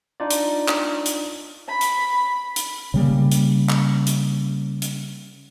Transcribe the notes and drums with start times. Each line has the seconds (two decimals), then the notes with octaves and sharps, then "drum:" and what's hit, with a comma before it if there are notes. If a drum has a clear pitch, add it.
0.20 D4 D#4 F4 D5
0.31 drum: hi-hat
0.68 drum: clap
1.06 drum: hi-hat
1.69 B5
1.81 drum: hi-hat
2.56 drum: hi-hat
2.94 C#3 G3 A#3
3.32 drum: hi-hat
3.69 drum: clap
4.07 drum: hi-hat
4.82 drum: hi-hat